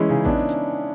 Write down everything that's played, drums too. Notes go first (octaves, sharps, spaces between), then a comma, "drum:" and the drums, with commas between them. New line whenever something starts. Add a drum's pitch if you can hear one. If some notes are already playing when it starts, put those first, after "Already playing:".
Already playing: E3 G#3 C#4 E4
C#3 D#4
B3 D4, drum: kick A1
drum: hi-hat